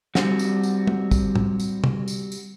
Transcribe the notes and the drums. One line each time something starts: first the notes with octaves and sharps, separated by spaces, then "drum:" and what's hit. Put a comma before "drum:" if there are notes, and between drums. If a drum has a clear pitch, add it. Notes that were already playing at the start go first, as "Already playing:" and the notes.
G3 C4 F#4, drum: snare
drum: tambourine
drum: tambourine
drum: tom
drum: kick, tambourine
drum: tom A2
drum: tambourine
drum: tom
drum: tambourine
drum: tambourine